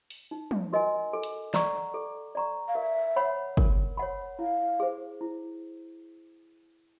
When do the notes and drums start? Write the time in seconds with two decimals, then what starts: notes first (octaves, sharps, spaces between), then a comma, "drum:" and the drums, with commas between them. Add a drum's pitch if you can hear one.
0.10 drum: open hi-hat
0.31 D#4
0.51 drum: tom
0.73 F#4 A#4 D#5 G#5
1.13 A4
1.23 drum: hi-hat
1.54 D5 F#5 A#5 C#6, drum: snare
1.94 A4
2.35 D5 F#5 A#5 C#6
2.68 F5
2.75 A#4 E5
3.16 C#5 F#5 B5
3.57 A#4, drum: kick
3.97 C#5 F#5 B5
4.39 E4 F5
4.80 G#4 C5
5.21 E4